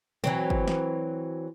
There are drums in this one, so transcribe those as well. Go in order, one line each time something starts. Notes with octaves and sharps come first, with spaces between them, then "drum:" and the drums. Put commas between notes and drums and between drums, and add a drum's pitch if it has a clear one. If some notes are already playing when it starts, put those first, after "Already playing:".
E3 F#3 C4, drum: tom
drum: kick G1
drum: snare